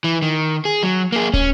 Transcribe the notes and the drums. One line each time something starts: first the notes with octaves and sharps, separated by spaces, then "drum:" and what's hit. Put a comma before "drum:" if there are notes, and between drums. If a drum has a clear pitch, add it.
E3
D#3
G#4
F#3
A#3 G#4
C#4, drum: kick